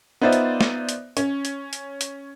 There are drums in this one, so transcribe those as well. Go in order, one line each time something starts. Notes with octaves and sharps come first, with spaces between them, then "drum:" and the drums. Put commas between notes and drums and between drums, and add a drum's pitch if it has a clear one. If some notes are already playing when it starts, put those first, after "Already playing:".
B3 D#4 F4 C5 D5 E5
drum: hi-hat
drum: snare
drum: hi-hat
C#4, drum: hi-hat
drum: hi-hat
drum: hi-hat
drum: hi-hat